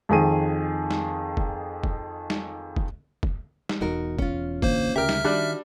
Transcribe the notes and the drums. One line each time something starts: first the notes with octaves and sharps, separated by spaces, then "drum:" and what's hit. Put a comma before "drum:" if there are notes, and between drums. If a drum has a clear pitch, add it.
F2 D#3 G#4 D#7
drum: snare
drum: kick F1
drum: kick F1
drum: snare
drum: kick F1
drum: kick F1
drum: snare
E1 E2 D#4 F#4 A#4
C#4 F4, drum: kick F1
E1 A1 D3 A#3 C5, drum: kick F1
D2 C#3 G4 A#4 E5 G5 F6
drum: snare
D#3 G3 D4 F#4 F#6